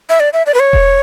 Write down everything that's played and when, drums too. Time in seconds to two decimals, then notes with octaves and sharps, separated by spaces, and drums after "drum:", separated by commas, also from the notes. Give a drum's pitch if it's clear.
0.09 E5
0.20 D5
0.33 E5
0.46 D5
0.54 B4
0.60 C#5
0.73 drum: kick E1